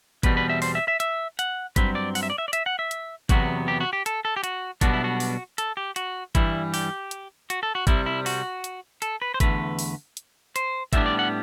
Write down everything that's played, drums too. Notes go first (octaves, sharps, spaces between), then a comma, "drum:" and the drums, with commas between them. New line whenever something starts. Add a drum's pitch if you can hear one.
E2 B2 G3 C4 B4, drum: kick G#1, hi-hat
B4
E5
C5, drum: open hi-hat
E5
E5
E5, drum: hi-hat
F#5, drum: hi-hat
G2 F#3 C4 B4, drum: kick G#1, hi-hat
D5
F#5, drum: open hi-hat
E5
D5
E5
D5
E5, drum: hi-hat
F#5
E5
drum: hi-hat
E2 C3 F#3 B3 F#4, drum: kick G#1, hi-hat
G4
F#4
G4
A4, drum: hi-hat
A4
G4
F#4, drum: hi-hat
B1 B2 G3 B3 D4 F#4, drum: kick G#1, hi-hat
E4
F#4
drum: open hi-hat
A4, drum: hi-hat
G4
F#4, drum: hi-hat
G2 E3 G3 E4, drum: kick G#1, hi-hat
G4, drum: open hi-hat
drum: hi-hat
F#4, drum: hi-hat
A4
F#4
C2 C3 G3 E4, drum: kick G#1, hi-hat
E4
F#4, drum: open hi-hat
drum: hi-hat
A4, drum: hi-hat
B4
C5
E2 D3 A3 B4, drum: kick G#1, hi-hat
drum: open hi-hat
drum: hi-hat
C5, drum: hi-hat
A2 G3 B3 D4 E5, drum: kick G#1, hi-hat
D5
F#5